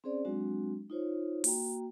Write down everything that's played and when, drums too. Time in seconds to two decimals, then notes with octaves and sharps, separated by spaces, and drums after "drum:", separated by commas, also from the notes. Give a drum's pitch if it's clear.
0.04 C4 C#4 G#4 C5 D5
0.25 F#3 G#3 C4 D4 F#4
0.90 D#4 F4 C5 C#5
1.44 A#3 F#4 G5 A#5, drum: open hi-hat